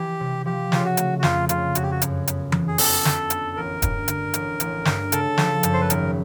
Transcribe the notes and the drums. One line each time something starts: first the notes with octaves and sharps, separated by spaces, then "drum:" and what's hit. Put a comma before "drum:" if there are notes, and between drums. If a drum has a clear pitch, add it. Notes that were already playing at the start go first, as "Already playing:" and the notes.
Already playing: E3 G4
C3
F3 G4
C#3 F4, drum: snare
F#4
A3, drum: hi-hat
F#4
F2 F4, drum: snare
C#3 F4, drum: hi-hat
F2 F#4, drum: hi-hat
G4
F#4
F#2, drum: hi-hat
B3, drum: hi-hat
B3, drum: tom E3
G#4
B3 A4, drum: open hi-hat
D3, drum: snare
B3, drum: hi-hat
A1 A#4
G2, drum: kick, hi-hat
D3, drum: hi-hat
A1, drum: hi-hat
A1, drum: hi-hat
G2, drum: snare
C#3 A4, drum: hi-hat
F3, drum: snare
F#2, drum: hi-hat
C5
B4
G#1 A#4, drum: hi-hat